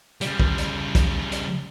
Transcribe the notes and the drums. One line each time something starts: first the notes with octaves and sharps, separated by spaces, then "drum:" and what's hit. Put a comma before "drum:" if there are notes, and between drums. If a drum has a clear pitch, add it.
C#3 G3, drum: hi-hat
drum: kick
drum: hi-hat
drum: kick, hi-hat
drum: hi-hat